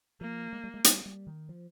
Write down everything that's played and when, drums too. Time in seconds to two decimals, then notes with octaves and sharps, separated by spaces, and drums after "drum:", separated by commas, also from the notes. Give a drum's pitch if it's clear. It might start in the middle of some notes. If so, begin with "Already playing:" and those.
0.21 F3 A#3
0.53 G#3
0.64 G3
0.74 G#3
0.84 G3, drum: hi-hat
1.06 G3
1.27 D#3
1.49 F3